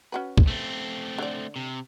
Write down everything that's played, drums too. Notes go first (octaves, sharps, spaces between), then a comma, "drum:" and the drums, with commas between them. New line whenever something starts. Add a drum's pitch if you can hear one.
C#4 F#4 B4
drum: kick
A3 C4
D3 D5
C3